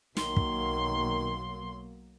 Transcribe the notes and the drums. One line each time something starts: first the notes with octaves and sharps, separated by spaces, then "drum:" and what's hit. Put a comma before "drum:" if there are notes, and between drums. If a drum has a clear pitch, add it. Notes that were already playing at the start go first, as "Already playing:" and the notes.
B1 D#3 F#3 A#3 C6, drum: snare
drum: kick